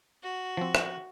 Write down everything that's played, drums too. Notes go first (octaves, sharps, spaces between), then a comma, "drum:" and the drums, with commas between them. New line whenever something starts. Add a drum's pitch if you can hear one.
F#4
F3 C4
drum: rim click